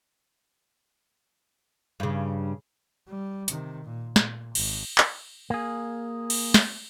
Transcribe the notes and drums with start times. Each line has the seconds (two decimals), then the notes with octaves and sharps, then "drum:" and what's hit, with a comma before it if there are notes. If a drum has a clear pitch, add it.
2.00 G2 C#3
3.08 G3
3.48 C3 D#3, drum: hi-hat
3.84 A#2
4.16 A#2, drum: snare
4.55 G#1, drum: cymbal
4.98 drum: clap
5.50 A#3 G#4
6.30 drum: cymbal
6.54 drum: snare